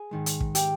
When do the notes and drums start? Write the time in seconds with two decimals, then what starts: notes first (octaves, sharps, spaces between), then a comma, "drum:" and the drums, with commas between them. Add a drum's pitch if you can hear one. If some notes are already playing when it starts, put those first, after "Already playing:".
Already playing: G#4
0.11 G#2 D#3 G#3
0.26 drum: hi-hat
0.40 drum: kick
0.55 G4, drum: hi-hat